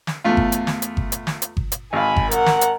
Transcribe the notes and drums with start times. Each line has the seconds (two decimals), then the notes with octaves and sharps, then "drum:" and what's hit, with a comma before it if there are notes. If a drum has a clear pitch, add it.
0.07 drum: snare
0.24 E2 A3 F4
0.37 drum: kick G1
0.52 drum: hi-hat
0.67 drum: snare
0.82 drum: hi-hat
0.97 drum: kick G1
1.12 drum: hi-hat
1.27 drum: snare
1.42 drum: hi-hat
1.57 drum: kick G1
1.72 drum: hi-hat
1.93 G#1 F5 G#5 B5
2.16 drum: kick G1
2.31 A#4 F#5, drum: hi-hat
2.46 drum: snare
2.61 drum: hi-hat